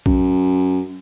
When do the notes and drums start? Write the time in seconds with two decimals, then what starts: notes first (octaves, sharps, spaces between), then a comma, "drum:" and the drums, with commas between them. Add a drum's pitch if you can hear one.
0.06 F#2, drum: kick A#1